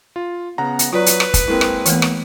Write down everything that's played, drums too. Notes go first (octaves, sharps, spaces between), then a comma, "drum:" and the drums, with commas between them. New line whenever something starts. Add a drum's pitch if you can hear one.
F4
C#3 B3 F#5 A#5
drum: hi-hat
F#3 F4 B4 D5 D#6
drum: hi-hat
drum: rim click
drum: kick, hi-hat
G#3 A#3 C4 E4 A#4
drum: rim click
E3 A3 B3, drum: hi-hat
drum: rim click